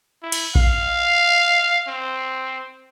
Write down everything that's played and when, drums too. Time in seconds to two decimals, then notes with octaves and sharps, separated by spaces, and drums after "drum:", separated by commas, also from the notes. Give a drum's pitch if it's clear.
0.22 E4
0.32 drum: cymbal
0.55 F5, drum: kick A#1
1.87 C4